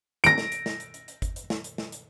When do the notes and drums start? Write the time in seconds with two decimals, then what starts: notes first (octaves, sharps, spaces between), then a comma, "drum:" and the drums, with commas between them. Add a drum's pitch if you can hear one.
0.24 A#6 D7, drum: hi-hat
0.38 drum: snare
0.52 drum: hi-hat
0.66 drum: snare
0.80 drum: hi-hat
0.94 drum: hi-hat
1.08 drum: hi-hat
1.22 drum: kick G1, hi-hat
1.36 drum: hi-hat
1.50 drum: snare
1.64 drum: hi-hat
1.78 drum: snare
1.92 drum: hi-hat